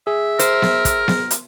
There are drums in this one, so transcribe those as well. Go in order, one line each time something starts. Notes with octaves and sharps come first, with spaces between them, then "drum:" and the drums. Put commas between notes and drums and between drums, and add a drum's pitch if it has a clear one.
G#4 E5
A#4 C5, drum: hi-hat
drum: snare B3
drum: kick, hi-hat
drum: snare B3
drum: hi-hat